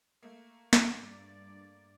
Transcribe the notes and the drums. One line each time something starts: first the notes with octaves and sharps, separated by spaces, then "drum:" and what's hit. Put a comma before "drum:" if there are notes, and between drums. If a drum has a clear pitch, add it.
A3 A#3
drum: snare
G2 D5